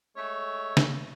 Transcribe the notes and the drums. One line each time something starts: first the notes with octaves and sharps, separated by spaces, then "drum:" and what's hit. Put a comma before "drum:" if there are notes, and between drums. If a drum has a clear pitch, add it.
G#3 A3 C#5
drum: snare